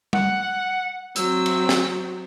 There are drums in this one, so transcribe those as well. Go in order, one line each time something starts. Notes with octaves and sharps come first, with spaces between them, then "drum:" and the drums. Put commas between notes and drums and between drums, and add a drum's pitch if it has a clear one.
F#5, drum: tom G3
F#3 C4 E6, drum: hi-hat
drum: cymbal
drum: snare